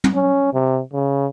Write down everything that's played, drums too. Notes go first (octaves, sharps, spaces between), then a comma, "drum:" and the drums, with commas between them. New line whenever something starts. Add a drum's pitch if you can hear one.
drum: tom
C#4
C3
C#3